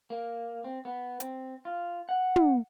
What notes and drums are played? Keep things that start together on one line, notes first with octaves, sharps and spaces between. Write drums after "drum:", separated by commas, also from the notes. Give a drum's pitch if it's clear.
A#3
C4
B3
C4, drum: hi-hat
F4
F#5
drum: tom